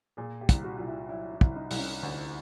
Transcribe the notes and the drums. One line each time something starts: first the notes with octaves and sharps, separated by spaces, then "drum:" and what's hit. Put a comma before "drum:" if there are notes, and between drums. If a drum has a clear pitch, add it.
A#2 G#4
G4
C2, drum: kick, hi-hat
F#4
C2 F4
E4
F#3 E4
E4
C2, drum: kick
D#4
C2, drum: open hi-hat
C#4
D2